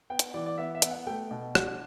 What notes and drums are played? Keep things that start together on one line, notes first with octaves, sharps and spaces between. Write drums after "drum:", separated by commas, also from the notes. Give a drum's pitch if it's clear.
B3 G5
drum: hi-hat
E3 D5
D5
B3 E5
E5
B3, drum: hi-hat
F#5
A3 G5
B2
D4 F#5, drum: rim click